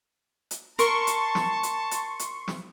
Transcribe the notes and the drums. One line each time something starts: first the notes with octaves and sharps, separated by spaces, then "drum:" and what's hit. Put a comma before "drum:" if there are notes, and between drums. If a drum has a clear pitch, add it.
drum: hi-hat
A#4 A5 C6 C#6, drum: hi-hat
drum: hi-hat
drum: snare
drum: hi-hat
drum: hi-hat
drum: hi-hat
drum: snare